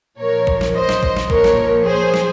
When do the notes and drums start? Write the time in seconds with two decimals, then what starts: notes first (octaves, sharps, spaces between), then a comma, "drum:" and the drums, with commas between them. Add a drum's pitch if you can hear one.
0.19 A#2 F3 A#4 C#5
0.47 drum: kick A#1
0.61 drum: snare
0.74 C5 D#5
0.89 drum: snare
1.03 drum: kick A#1
1.17 drum: snare
1.30 A#2 F3 A#4 C#5, drum: kick A#1
1.44 drum: snare
1.85 G#4 C5
2.14 drum: snare